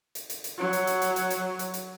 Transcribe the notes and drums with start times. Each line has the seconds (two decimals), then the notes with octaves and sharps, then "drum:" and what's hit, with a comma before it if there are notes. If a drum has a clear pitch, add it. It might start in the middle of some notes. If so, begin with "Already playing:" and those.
0.15 drum: hi-hat
0.30 drum: hi-hat
0.44 drum: hi-hat
0.58 F#3
0.73 drum: hi-hat
0.87 drum: hi-hat
1.02 drum: hi-hat
1.16 drum: hi-hat
1.30 drum: hi-hat
1.59 drum: hi-hat
1.74 drum: hi-hat